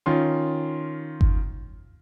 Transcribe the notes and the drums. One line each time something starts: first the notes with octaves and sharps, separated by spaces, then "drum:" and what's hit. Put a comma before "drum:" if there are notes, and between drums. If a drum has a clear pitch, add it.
D#3 C#4 F4 C6
drum: kick G1